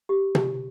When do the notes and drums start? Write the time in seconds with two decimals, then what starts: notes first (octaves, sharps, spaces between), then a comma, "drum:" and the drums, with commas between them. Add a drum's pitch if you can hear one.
0.09 G4
0.35 G4, drum: tom